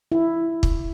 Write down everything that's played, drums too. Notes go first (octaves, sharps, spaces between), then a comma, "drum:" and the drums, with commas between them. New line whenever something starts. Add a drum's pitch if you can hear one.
E4
drum: kick